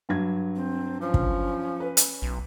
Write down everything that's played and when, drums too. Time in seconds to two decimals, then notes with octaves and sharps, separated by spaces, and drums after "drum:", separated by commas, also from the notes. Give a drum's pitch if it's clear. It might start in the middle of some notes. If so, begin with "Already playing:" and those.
0.09 G2 F#3 G#6
0.56 C4
1.01 F3 C#4
1.14 drum: kick
1.80 B4
1.97 drum: hi-hat
2.22 B1